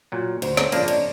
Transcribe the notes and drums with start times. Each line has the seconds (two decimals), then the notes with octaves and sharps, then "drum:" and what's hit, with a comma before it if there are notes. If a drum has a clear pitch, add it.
0.12 A#2 F#3
0.42 D2 C5, drum: cymbal
0.57 C#5, drum: snare
0.72 C#3 F3 A#3 D4 D5, drum: cymbal
0.82 D5
0.88 D#5, drum: cymbal